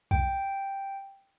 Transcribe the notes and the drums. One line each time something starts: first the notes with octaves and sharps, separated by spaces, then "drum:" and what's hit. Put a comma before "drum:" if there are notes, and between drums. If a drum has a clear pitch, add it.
G5, drum: kick B1